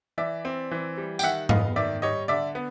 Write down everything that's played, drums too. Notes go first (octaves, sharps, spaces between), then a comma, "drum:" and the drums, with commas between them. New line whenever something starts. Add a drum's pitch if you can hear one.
E3 D5 E5
C4
E3
G3
G5, drum: tambourine
D#3 E5 F#5
B3 D#5 F5, drum: tom G#2
D#3 D5 E5
G3 C#5 D#5
D3 D5 E5
B3